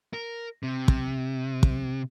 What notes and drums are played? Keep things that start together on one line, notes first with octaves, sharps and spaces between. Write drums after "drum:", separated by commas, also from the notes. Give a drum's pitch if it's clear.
A#4
C3
drum: kick
drum: kick